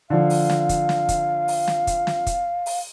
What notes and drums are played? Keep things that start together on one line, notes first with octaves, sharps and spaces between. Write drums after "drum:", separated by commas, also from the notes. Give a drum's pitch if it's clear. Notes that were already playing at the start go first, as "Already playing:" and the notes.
D3 F3 F5
drum: open hi-hat
drum: snare
drum: kick, hi-hat
drum: snare
drum: kick, hi-hat
drum: open hi-hat
drum: snare
drum: kick, hi-hat
drum: snare
drum: kick, hi-hat
drum: open hi-hat